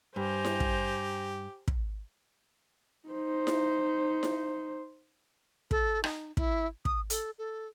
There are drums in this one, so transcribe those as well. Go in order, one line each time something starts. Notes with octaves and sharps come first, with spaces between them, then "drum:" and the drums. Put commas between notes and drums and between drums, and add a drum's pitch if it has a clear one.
G2 G4 C5 G#5 A#5
drum: snare E4
drum: kick
drum: kick
D#4 C5
drum: snare E4
drum: snare E4
A4, drum: kick
D#4, drum: rim click
E4, drum: kick
D#6, drum: kick
A4, drum: hi-hat
A4